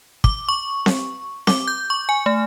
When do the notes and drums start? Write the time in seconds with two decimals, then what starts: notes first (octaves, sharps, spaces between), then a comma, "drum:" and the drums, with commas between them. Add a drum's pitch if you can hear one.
0.24 D6, drum: kick
0.49 C#6
0.86 drum: snare C4
1.47 D6, drum: snare C4
1.68 G6
1.90 C#6
2.09 G#5
2.26 A3